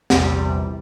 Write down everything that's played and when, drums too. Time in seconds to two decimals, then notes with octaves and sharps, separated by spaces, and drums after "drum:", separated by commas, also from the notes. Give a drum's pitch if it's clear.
0.10 A#1 E2 C3 G3, drum: snare